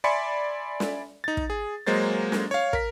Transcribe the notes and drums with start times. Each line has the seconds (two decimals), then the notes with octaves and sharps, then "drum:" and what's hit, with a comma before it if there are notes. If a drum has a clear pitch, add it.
0.04 D5 E5 G#5 B5 C6 C#7
0.80 drum: snare
1.24 D#4 A6
1.37 drum: kick
1.50 G#4
1.87 F#3 G#3 A#3 C5 A6
2.32 drum: snare
2.51 C#5 F5
2.73 A#4 B6, drum: kick